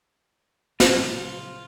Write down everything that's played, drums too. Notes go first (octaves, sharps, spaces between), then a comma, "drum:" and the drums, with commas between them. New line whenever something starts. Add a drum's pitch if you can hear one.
A#1 C#3 F#3 F4, drum: snare